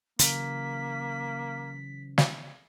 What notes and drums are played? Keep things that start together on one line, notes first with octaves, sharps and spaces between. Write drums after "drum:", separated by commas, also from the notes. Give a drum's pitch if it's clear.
C#3 E3 F#3 A#3 B6, drum: hi-hat
drum: snare